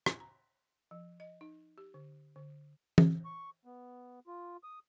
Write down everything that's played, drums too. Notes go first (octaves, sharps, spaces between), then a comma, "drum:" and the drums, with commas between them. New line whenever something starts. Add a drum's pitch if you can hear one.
G#5, drum: rim click
A#5
F3
D#5
D#4
G4
D3
D3
drum: tom
C#6
B3
F4
D#6